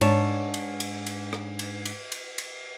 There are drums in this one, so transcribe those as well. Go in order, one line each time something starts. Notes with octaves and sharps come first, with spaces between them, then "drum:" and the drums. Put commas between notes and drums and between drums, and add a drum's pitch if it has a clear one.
G#2 D4 C#5 A5, drum: cymbal
drum: cymbal
drum: cymbal
drum: cymbal
drum: rim click
drum: cymbal
drum: cymbal
drum: cymbal
drum: cymbal